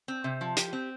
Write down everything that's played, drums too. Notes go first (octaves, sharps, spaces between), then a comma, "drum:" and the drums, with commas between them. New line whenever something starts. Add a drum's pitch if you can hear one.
C4
C3
F3
G4, drum: hi-hat
C4